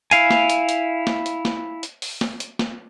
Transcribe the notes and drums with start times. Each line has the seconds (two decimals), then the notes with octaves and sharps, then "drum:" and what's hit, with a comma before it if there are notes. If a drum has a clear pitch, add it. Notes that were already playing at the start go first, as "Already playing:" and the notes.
0.11 E4 F5 G#5, drum: hi-hat
0.30 drum: snare
0.50 drum: hi-hat
0.69 drum: hi-hat
1.07 drum: snare
1.26 drum: hi-hat
1.45 drum: snare
1.83 drum: hi-hat
2.02 drum: open hi-hat
2.21 drum: snare
2.40 drum: hi-hat
2.59 drum: snare